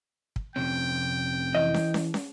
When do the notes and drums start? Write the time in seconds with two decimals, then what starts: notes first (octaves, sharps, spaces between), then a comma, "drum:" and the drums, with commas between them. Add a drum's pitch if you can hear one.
0.36 drum: kick
0.56 F2 C3 C#4 G5
1.55 E3 D#5
1.74 drum: snare
1.94 drum: snare
2.14 drum: snare